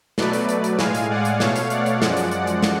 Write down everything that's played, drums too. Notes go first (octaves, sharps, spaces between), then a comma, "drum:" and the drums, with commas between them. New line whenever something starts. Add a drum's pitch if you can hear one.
B2 F#3 A3 B4 D5, drum: snare
drum: hi-hat
drum: hi-hat
drum: hi-hat
A2 G#3 F5 G#5, drum: snare
drum: hi-hat
D5 F#5
drum: hi-hat
B2 A3 C#5 F5, drum: snare
drum: hi-hat
D5 F#5, drum: hi-hat
drum: hi-hat
F#2 F3 G#3 D5 F#5, drum: snare
drum: hi-hat
D5 F#5, drum: hi-hat
drum: hi-hat
drum: snare